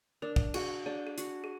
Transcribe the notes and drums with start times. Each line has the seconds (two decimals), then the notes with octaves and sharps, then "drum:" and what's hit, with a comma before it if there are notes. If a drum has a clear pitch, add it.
0.22 D4 A#4
0.36 drum: kick
0.54 F#4 G#4, drum: cymbal
0.86 D4 G#4
1.07 G#4
1.18 F#4, drum: hi-hat
1.44 G#4